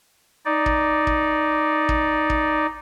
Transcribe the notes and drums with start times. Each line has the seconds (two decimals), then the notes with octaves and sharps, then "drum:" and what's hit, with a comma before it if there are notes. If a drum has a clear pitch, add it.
0.46 D#4 D5
0.66 drum: kick
1.07 drum: kick
1.89 drum: kick
2.30 drum: kick